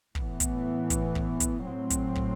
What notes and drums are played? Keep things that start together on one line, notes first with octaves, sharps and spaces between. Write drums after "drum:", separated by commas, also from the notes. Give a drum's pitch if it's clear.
A2 E3 B3, drum: kick
drum: kick, hi-hat
drum: kick, hi-hat
drum: kick
drum: kick, hi-hat
A2 F#3 C4
drum: kick, hi-hat
drum: kick